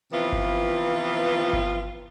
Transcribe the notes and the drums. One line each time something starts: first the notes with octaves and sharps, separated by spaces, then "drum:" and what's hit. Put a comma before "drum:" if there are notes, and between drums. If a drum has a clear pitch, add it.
C3 E3 F3 B3 F4
drum: kick G1
drum: kick G1